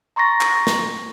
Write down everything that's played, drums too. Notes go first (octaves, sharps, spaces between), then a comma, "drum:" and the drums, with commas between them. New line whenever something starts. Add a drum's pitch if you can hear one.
A#5 C6 C#6 A6 A#6
drum: clap
drum: snare